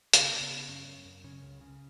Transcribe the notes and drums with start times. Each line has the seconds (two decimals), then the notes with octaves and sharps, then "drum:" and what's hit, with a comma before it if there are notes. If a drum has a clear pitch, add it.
0.13 C#3 A#3, drum: hi-hat
0.32 C#3
0.41 B3
0.51 C#3
0.68 F#2 C#4
0.87 F#2
1.05 F#2
1.24 C#3 C#4
1.42 C#2
1.61 C#3